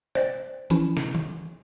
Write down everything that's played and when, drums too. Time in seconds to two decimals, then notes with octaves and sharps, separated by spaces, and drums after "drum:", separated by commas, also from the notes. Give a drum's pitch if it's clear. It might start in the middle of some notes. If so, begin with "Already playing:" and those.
0.15 C5 D5, drum: rim click
0.70 E3 F3 C#4 E4, drum: hi-hat
0.97 drum: snare
1.15 drum: tom